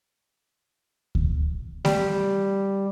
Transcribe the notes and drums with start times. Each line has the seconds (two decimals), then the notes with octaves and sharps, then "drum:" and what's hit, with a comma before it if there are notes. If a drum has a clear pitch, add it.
1.15 drum: kick D2
1.85 G3, drum: snare A3